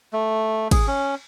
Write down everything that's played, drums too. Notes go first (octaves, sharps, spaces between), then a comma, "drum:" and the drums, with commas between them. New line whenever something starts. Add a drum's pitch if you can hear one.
A3
G#4, drum: kick, cymbal
C#4